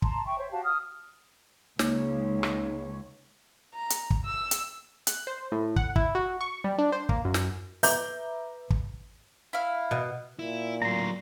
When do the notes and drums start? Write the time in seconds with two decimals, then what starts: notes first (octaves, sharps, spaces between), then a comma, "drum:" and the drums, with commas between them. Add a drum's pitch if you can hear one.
0.02 A5 A#5 C6, drum: kick
0.26 E5 G5 C#6
0.38 C5 C#5 E5
0.51 F#4 G4 F5 A5
0.64 D#6 F6
1.79 C#2 A#3 D#4 C#5, drum: snare
2.43 drum: rim click
3.75 A#5
3.90 drum: hi-hat
4.11 drum: kick
4.24 E6
4.51 drum: hi-hat
5.07 F#6, drum: hi-hat
5.27 C5
5.52 A2
5.76 F#5, drum: kick
5.96 E4, drum: kick
6.15 F#4
6.41 C#6
6.64 G3
6.78 D4
6.92 C5
7.09 A#3, drum: kick
7.25 F#2
7.34 drum: snare
7.83 B4 E5 A#5 D6 G6, drum: open hi-hat
8.71 drum: kick
9.53 E4 F5
9.91 B2
10.39 A#2 E4
10.82 A2 F#3 A#5 C6